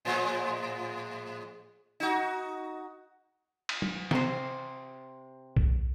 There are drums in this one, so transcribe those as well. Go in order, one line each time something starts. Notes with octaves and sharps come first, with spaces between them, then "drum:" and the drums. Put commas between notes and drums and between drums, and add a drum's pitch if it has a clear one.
A2 F3 G#3
D#4 F#4
drum: cymbal
drum: tom
C3 C5, drum: snare
drum: kick B1